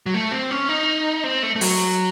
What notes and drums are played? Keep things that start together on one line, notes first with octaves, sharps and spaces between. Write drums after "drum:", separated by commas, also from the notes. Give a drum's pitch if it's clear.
F#3
A3
C4
C#4
D#4
C4
A3
A3
F#3, drum: open hi-hat